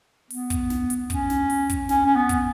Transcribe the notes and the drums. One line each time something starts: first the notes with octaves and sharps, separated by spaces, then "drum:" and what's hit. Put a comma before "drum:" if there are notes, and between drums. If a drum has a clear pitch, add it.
B3, drum: open hi-hat
drum: kick, hi-hat
drum: snare
drum: hi-hat
C#4, drum: kick, hi-hat
drum: snare
drum: open hi-hat
drum: kick, hi-hat
C#4, drum: snare
C#4
B3
drum: kick, hi-hat